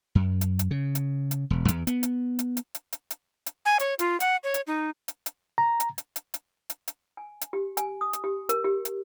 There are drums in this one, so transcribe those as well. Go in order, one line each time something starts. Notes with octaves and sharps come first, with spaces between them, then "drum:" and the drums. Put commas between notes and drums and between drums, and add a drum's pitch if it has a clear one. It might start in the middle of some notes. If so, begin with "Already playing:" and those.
F#2
drum: hi-hat
drum: hi-hat
C#3
drum: hi-hat
drum: hi-hat
E1
E2, drum: hi-hat
B3, drum: hi-hat
drum: hi-hat
drum: hi-hat
drum: hi-hat
drum: hi-hat
drum: hi-hat
drum: hi-hat
drum: hi-hat
G#5
C#5, drum: hi-hat
F4, drum: hi-hat
F#5, drum: hi-hat
C#5
drum: hi-hat
D#4
drum: hi-hat
drum: hi-hat
A#5
drum: hi-hat
drum: hi-hat
drum: hi-hat
drum: hi-hat
drum: hi-hat
drum: hi-hat
G#5
drum: hi-hat
G4
G#5, drum: hi-hat
D#6
drum: hi-hat
G4
A#4, drum: hi-hat
G4
drum: hi-hat